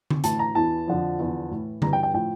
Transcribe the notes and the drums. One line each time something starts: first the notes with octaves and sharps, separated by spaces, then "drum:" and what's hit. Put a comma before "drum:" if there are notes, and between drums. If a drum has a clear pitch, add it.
drum: tom D3
A2 E3 A5, drum: hi-hat
A#5
E2 E3 A5
F2 D3 F3
E2 D3 F3
A2 E3
G2 E3 A#5, drum: tom D3
G5
G5
A2 F3 G5